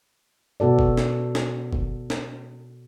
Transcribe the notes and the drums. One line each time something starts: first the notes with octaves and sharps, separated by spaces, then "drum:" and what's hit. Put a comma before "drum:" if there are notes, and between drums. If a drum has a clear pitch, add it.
B2 B3 F#4 A4 D5
drum: kick
drum: snare
drum: snare
drum: kick
drum: snare